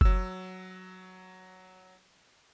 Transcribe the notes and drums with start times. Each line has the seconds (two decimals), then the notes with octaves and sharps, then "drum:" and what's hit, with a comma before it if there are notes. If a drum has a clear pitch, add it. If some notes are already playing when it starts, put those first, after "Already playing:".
0.01 F#3 E6, drum: kick F#1